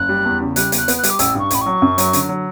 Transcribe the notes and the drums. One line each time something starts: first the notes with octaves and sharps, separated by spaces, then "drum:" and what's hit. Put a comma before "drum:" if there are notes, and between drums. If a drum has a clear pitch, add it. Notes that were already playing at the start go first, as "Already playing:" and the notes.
Already playing: F#1 F#6
G3
E2
C#3
G3 F#6, drum: hi-hat
E2, drum: hi-hat
F#6
B3, drum: hi-hat
F#6
G3, drum: hi-hat
D6
A1 E6, drum: hi-hat
G2 C#6
A1 B5, drum: hi-hat
C#6
F#3
F#2
F#3, drum: hi-hat
D3, drum: hi-hat
F#3